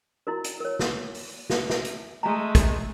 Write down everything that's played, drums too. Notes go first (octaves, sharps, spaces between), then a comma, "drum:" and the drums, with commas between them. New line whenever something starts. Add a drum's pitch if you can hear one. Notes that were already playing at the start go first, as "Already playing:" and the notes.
E4 F#4 A#4
drum: hi-hat
A#4 C#5
drum: snare
drum: open hi-hat
drum: snare
E5, drum: snare
drum: hi-hat
G#3 A3 A#5
drum: kick, hi-hat